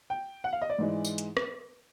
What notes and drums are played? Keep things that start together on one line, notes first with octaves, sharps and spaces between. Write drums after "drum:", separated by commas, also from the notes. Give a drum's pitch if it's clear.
G5
F#5
F5
D#5
D5
G#2 E3 G#3
drum: tambourine
drum: hi-hat
drum: rim click